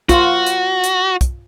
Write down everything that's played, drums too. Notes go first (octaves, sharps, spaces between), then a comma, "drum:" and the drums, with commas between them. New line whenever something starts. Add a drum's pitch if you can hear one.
F4 F#4, drum: kick, hi-hat
drum: hi-hat
drum: hi-hat
drum: kick, hi-hat